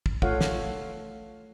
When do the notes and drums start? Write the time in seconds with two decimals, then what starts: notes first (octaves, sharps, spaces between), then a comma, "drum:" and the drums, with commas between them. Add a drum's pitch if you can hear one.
0.06 drum: kick
0.22 A3 F4 A4 C#5 F5 F#5, drum: kick
0.41 drum: snare